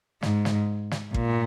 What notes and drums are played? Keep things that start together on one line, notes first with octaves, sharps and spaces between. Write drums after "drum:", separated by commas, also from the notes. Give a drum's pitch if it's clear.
G#2, drum: snare
drum: snare
drum: snare
A#2, drum: kick